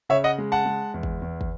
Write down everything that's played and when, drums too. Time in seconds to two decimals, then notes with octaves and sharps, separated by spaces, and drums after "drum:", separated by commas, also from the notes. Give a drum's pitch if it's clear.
0.09 C#3 C#5 E5
0.24 D#5 F#5
0.38 G#3
0.52 F#5 A5
0.66 G#3
0.94 E2
1.03 drum: kick
1.22 E2
1.41 drum: kick